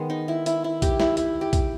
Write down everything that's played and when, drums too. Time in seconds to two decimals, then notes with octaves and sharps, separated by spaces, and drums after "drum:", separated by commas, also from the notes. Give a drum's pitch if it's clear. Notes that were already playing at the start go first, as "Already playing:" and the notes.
Already playing: D#3 G#3 B3
0.10 D#4
0.28 E4
0.46 E4, drum: hi-hat
0.64 E4
0.82 G4, drum: kick A#1, hi-hat
1.00 E4, drum: snare
1.17 E4, drum: hi-hat
1.41 G4
1.53 drum: kick A#1, hi-hat